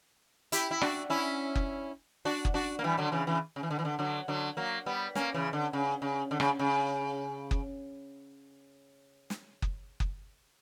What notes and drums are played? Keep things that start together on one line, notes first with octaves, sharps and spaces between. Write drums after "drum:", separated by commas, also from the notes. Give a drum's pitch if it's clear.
E4 G4, drum: hi-hat
E4
D4 F#4, drum: rim click
C#4 E4
drum: kick F#1
D4 F#4
drum: kick F#1
D4 F#4
A#3
E3 G3
D3 F#3
C#3 E3
C#3 E3
C#3
E3
D3
E3
D3
D3 F#3
D3 F#3
F#3 A#3
G3 B3
A#3 C#4, drum: snare
C#3 E3
D3
C#3
C#3
D3
C#3, drum: rim click
C#3
drum: kick F#1
drum: snare
drum: kick F#1
drum: kick F#1